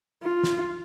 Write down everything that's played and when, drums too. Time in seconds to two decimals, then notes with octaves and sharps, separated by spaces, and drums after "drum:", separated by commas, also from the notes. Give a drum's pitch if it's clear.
0.23 F4
0.43 drum: snare